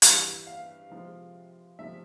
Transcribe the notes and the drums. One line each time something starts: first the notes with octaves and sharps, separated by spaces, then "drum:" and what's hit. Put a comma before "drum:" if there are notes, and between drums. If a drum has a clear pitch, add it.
G2 E3 G3 E5, drum: hi-hat
F5
C3 F3 G#3
C3 F3 A3 E5